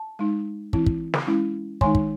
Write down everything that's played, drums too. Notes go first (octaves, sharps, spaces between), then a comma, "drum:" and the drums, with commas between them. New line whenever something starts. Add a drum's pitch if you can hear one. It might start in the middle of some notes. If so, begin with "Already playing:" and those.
Already playing: A5
G#3 D#4
E3 C4 E4, drum: kick
drum: kick
drum: snare
G#3 C#4 E4
D#3 G#3 D#4 G#5 C6, drum: kick
drum: kick